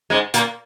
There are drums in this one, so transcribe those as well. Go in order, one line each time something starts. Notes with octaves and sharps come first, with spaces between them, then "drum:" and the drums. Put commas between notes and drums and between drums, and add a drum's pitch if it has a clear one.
G#2 G#3
A#2 A#3, drum: hi-hat